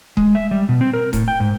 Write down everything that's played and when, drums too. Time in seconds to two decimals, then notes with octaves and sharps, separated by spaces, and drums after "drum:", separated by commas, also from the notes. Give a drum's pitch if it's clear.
0.17 G#3, drum: kick D#1
0.35 E5
0.51 G3
0.69 B2
0.81 C4
0.93 A#4
1.13 A2, drum: kick D#1, hi-hat
1.28 G5
1.40 G#2